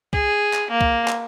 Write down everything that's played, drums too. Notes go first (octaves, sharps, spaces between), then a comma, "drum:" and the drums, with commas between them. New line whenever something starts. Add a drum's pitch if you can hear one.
G#4, drum: kick C2
drum: clap
A#3
drum: kick C2
drum: clap